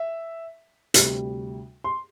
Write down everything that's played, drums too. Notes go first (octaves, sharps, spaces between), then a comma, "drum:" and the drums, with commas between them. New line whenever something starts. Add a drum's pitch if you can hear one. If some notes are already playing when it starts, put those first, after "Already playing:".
Already playing: E5
D2 C3 G3, drum: hi-hat
C6